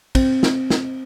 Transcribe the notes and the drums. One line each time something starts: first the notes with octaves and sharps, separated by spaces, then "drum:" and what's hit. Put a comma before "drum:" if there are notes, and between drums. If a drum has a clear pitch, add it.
C4, drum: kick, cymbal
drum: snare
drum: snare